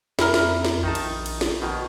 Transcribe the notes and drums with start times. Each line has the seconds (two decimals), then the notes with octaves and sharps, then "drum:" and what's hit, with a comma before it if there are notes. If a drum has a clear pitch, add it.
0.19 F2 E4 A#4, drum: snare
0.34 drum: snare
0.65 drum: snare
0.83 A#1 D#3 D#4 A5
0.95 drum: cymbal
1.26 drum: cymbal
1.41 drum: snare
1.62 B2 D#3